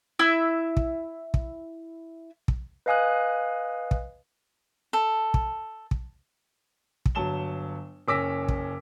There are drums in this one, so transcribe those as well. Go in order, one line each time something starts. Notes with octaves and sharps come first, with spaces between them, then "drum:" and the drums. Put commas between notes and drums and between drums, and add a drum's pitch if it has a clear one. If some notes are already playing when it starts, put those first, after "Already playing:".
E4 E5 E6
drum: kick
drum: kick
drum: kick
B4 D#5 F5 G#5 D#6 F#6
drum: kick
A4
drum: kick
drum: kick
drum: kick
G1 F#3 A5 E7 G7
F#1 C#4 D6 E6 A#6 B6
drum: kick